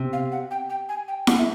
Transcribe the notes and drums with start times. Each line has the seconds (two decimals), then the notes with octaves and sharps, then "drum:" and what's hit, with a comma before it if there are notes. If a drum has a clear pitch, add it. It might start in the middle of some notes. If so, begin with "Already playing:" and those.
Already playing: C3
0.13 F5
0.32 F#5
0.51 G5
0.69 G5
0.89 G#5
1.08 G5
1.27 F#5, drum: snare E4
1.38 E5